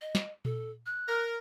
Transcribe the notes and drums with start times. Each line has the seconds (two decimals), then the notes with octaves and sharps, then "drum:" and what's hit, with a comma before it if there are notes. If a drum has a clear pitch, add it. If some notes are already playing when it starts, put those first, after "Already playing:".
0.01 D#5
0.15 drum: snare
0.45 A4, drum: tom A#2
0.86 F#6
1.09 A#4